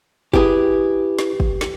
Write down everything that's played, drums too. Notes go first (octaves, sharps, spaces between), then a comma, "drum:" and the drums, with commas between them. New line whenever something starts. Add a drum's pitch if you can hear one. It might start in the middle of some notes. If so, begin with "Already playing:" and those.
E4 G4 G#4 B4, drum: kick
drum: snare
drum: kick
drum: snare